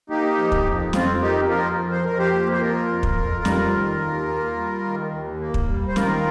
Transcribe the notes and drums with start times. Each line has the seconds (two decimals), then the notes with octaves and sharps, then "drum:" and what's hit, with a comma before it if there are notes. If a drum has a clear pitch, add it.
0.10 A#3 D#4 G4
0.38 F3
0.52 drum: kick
0.65 F2
0.93 F2 C4 F4, drum: snare
1.21 A#3 D#4 G4
1.49 F3 F4 A#4
1.78 F2
1.91 C5
2.05 F2 A#4
2.18 G4 C5
2.33 A#3
2.52 C5
2.61 F3 F4 A#4
2.89 F2
3.03 drum: kick
3.17 F2
3.45 G3, drum: snare
3.73 D#3
4.01 D#2
4.28 A#3
4.56 G3
4.85 D#3
5.12 D#2
5.40 A#3
5.54 drum: kick
5.68 G3
5.88 C5
5.96 D#3 F4 A#4, drum: snare